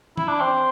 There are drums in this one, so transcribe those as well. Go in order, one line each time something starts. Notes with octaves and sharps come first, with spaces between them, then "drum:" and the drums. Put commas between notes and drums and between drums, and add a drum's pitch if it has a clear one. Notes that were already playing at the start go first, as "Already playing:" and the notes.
E4, drum: tom E3
D4
C4